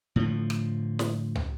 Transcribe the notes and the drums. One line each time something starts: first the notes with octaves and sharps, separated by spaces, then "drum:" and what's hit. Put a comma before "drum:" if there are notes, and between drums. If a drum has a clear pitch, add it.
A2 D3 F3
drum: rim click
drum: snare
drum: tom